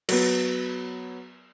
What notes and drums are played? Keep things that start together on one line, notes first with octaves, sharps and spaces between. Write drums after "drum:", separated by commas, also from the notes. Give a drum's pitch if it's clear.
F#3 B3, drum: cymbal